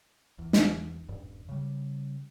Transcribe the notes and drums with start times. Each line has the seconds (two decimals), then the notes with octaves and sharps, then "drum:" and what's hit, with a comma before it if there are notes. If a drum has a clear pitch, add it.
0.39 E2
0.53 drum: snare
1.09 D#1 G2
1.49 C#3 G3